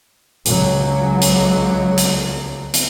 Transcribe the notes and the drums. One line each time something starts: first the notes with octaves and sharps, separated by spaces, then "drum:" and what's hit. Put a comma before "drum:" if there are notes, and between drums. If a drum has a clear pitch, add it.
C#2 F#3, drum: hi-hat
drum: hi-hat
drum: hi-hat
drum: hi-hat